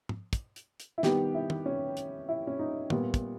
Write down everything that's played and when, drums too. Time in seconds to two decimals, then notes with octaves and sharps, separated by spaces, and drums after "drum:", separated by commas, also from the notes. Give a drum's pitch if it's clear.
0.09 drum: tom
0.33 drum: kick, hi-hat
0.56 drum: hi-hat
0.80 drum: hi-hat
0.98 E4
1.03 D#3 G3 B3 G4, drum: snare
1.35 E4
1.50 drum: tom
1.66 C#4
1.97 drum: hi-hat
2.29 E4
2.47 C#4
2.59 D#4
2.90 A#2 G3 B3, drum: tom
3.14 drum: kick, hi-hat